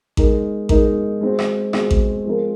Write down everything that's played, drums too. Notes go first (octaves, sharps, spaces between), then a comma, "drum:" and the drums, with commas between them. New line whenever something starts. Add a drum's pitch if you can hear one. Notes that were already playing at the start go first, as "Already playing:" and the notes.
G#3 D#4 A#4, drum: kick A1
G#3 D#4 A#4, drum: kick A1
G#3 C4 F#4
drum: rim click
G#3 C4 F#4, drum: rim click
drum: kick A1
F3 G#3 C4 F4 A#4